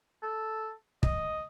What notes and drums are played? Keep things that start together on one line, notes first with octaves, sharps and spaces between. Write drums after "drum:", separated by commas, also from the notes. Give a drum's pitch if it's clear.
A4
D#5, drum: kick